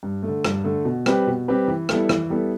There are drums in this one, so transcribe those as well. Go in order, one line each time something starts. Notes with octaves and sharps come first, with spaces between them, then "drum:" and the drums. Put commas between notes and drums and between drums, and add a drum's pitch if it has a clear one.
G2
A3
D3
G2, drum: rim click
D3 A3
B2
G3 C4 G4 B4, drum: rim click
B2
G3 C4 G4 B4
E3
G3 B3 E4 A4, drum: rim click
E3, drum: rim click
G3 B3 E4 A4